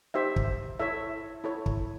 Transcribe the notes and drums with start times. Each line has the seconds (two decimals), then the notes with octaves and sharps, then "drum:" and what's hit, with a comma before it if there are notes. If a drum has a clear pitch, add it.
0.14 D#4 G4 C5 E5
0.36 drum: kick
0.79 E4 A4 C#5 E5
1.44 E4 A4 C#5
1.66 drum: kick